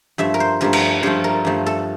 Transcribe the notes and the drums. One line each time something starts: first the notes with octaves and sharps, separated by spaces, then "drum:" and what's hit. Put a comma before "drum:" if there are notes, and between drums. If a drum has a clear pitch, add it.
G2 F3 A3 E5
A#4
C5
G2 F3 A3 A#4
drum: cymbal
G2 F3 A3 C5
A#4
G2 F3 A3
A4